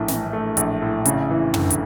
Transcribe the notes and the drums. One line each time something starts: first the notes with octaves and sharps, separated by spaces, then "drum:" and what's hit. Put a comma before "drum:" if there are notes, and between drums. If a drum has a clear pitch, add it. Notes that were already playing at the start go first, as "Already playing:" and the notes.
Already playing: A#1 A2 A3
E3, drum: snare
A3
A#1, drum: hi-hat
A2
C#3, drum: hi-hat
E3
G1, drum: tom
drum: hi-hat